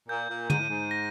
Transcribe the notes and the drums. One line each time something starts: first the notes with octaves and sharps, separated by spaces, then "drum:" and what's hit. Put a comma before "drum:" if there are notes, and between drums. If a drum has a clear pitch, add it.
A#2 G6
A#2
G#2 D#7, drum: tom
A2
G#2
A#6